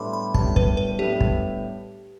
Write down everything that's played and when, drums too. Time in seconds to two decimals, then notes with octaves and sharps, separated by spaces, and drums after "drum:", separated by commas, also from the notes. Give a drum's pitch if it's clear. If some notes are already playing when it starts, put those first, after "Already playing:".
Already playing: A2 G3 B3 D4 A4 B5 C6 D6
0.13 B5
0.34 A2 G3 B3 D4 A4 A5, drum: kick
0.56 B4, drum: kick
0.77 B4
0.99 A2 G3 B3 D4 G4 A4
1.21 drum: kick